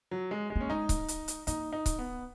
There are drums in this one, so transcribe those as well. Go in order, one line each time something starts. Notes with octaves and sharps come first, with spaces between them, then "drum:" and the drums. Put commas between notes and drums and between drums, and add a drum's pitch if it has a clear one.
F#3
G#3
G#3
A#3 C#4
G#3 D#4
drum: kick C#1, hi-hat
drum: hi-hat
drum: hi-hat
A#3 D#4, drum: hi-hat
D#4
drum: kick C#1, hi-hat
B3